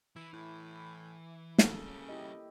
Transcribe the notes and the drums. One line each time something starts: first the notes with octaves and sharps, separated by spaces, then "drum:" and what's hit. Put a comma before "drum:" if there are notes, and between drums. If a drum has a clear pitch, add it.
E3 E4
A2 E4
C#3 A#3 A4, drum: snare
G3 C#4
E4 G4 D#5